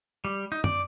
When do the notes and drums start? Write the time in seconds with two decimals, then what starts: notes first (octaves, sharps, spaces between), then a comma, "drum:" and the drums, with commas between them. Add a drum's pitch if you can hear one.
0.25 G3
0.52 D#4
0.64 D5, drum: tom F#2